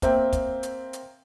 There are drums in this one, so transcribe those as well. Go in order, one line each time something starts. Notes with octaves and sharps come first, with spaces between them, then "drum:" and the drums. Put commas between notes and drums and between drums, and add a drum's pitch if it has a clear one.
A#3 C4 E5 G5, drum: kick, hi-hat
drum: kick, hi-hat
drum: hi-hat
drum: hi-hat